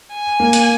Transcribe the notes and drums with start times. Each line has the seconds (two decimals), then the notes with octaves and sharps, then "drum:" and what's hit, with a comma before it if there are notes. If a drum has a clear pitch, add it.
0.13 G#5
0.40 A#3
0.53 drum: hi-hat